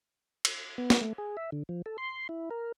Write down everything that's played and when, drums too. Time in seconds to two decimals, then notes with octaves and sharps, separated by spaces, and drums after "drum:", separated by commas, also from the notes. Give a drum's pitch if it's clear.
0.45 drum: cymbal
0.78 B3
0.90 drum: snare
1.01 A3
1.18 G#4
1.37 E5
1.52 D3
1.69 F3
1.86 A4
1.98 C6
2.29 E4
2.51 A#4